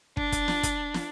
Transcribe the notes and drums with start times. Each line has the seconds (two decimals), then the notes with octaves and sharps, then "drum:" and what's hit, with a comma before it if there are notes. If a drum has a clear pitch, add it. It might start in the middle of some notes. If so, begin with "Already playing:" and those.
0.17 D4, drum: kick
0.32 drum: kick, hi-hat
0.48 drum: snare
0.63 drum: kick, hi-hat
0.94 drum: snare